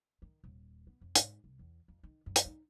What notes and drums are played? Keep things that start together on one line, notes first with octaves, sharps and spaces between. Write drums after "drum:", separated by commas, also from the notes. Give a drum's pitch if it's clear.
D#3
D#1
B3
F2
G#2, drum: hi-hat
C2
E2
F2
D#3
F#2
drum: hi-hat
D#4